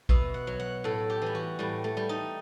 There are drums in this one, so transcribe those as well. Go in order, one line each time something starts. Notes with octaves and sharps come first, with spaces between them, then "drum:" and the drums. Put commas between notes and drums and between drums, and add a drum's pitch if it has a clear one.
B2 E5, drum: kick A#1
F#5
F#3
F#5
A2 A4
G4
E3 G3
F#4
A2 G3
A3
G3
D#4